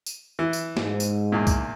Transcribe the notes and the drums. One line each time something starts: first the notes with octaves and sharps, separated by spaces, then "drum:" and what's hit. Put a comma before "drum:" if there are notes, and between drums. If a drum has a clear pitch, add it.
drum: tambourine
E3
drum: tambourine
G#2, drum: snare
drum: tambourine
E2 A#2
drum: kick C2, tambourine